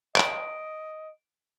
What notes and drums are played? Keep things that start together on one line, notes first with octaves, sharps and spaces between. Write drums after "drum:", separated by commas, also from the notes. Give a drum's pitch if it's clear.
D#5 D7, drum: clap